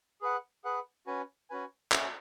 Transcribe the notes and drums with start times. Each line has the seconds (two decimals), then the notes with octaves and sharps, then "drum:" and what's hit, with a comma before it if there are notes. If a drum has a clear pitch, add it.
0.21 G#4 B4 F#5
0.64 G#4 B4 F#5
1.07 C#4 F#4 B4 G#5
1.50 C#4 F#4 B4 G#5
1.92 C#4 F#4 E5 G#5, drum: clap